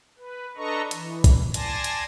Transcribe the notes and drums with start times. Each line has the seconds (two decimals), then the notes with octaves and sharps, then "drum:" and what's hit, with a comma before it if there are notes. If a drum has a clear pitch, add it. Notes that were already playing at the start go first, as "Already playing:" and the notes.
0.18 B4
0.57 D4 A4 B4 D#5 A#5 C#6
0.91 E3, drum: hi-hat
1.24 drum: kick, hi-hat
1.54 D5 G#5 A5 C6 G#6 A#6, drum: hi-hat
1.84 drum: hi-hat